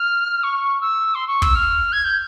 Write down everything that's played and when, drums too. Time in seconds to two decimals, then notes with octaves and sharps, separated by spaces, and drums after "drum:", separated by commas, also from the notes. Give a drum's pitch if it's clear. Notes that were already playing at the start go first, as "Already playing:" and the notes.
Already playing: F6
0.43 C#6
0.81 E6
1.15 C6
1.27 C#6
1.42 E6, drum: kick
1.55 F6
1.92 G#6
2.04 G6